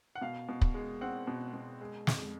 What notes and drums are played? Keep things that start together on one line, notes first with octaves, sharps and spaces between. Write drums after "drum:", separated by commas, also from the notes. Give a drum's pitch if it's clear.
F#5
B2 F5
B2
drum: kick
G#3
C4 F#5
B2
B2
G#3
F2, drum: snare